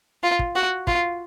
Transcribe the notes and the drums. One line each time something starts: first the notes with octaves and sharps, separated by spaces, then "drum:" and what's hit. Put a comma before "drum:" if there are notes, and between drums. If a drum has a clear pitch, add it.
F4
drum: kick
F#4
F4, drum: kick